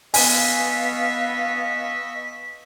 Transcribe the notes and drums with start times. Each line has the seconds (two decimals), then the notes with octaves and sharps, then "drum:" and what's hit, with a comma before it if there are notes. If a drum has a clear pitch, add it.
0.14 B3 D#5 F5 G#5 C#6 E6 B6, drum: open hi-hat